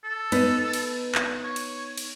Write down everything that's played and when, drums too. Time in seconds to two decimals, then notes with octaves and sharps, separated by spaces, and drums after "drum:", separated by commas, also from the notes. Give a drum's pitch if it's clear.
0.04 A4
0.32 B3 D#4, drum: cymbal
0.73 drum: cymbal
1.15 drum: clap
1.43 C#5
1.56 drum: cymbal
1.98 drum: cymbal